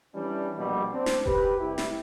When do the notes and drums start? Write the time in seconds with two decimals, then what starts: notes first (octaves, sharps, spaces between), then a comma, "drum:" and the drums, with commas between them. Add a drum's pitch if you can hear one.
0.14 E3 G3 C#4 D4
0.58 A#1 B2 G3
0.92 C4 D4
1.06 drum: snare
1.26 G4 B4, drum: kick F1
1.60 C2 E4 G4
1.78 drum: snare